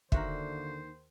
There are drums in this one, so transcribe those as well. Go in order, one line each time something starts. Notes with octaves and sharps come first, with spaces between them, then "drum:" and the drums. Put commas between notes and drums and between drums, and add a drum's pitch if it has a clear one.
D#2 D3 D#3 A#3 F#4 C5 E5, drum: kick